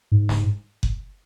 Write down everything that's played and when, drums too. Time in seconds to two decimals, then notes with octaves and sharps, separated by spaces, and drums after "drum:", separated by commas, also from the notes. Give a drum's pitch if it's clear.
0.12 G#2
0.29 drum: snare
0.83 drum: kick F#1